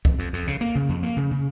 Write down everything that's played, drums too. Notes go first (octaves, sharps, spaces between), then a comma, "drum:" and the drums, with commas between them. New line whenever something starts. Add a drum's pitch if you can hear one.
F2, drum: kick C2
F2
F2
C#3
A#3
C#3
F2
A#3
C#3
C#3